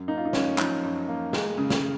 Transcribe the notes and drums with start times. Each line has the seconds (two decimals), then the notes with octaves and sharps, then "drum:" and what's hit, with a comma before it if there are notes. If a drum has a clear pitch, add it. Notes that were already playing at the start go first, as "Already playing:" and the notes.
Already playing: F#2
0.08 A#3 D#4
0.17 F4
0.25 D#4
0.33 F#2 C#4, drum: snare
0.58 F3 D#4, drum: clap
0.83 F#2
1.08 A#3
1.33 G#3, drum: snare
1.58 C#3
1.70 drum: snare